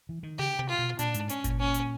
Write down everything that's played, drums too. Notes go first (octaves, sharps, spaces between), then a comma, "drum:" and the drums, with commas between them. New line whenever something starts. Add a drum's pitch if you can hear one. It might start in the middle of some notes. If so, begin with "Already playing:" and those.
E3
D#3
C#3 G4
C3
F4
B2
A#2 D4, drum: hi-hat
G#2, drum: hi-hat
C#4, drum: hi-hat
A#2, drum: kick G1, hi-hat
C#4
drum: hi-hat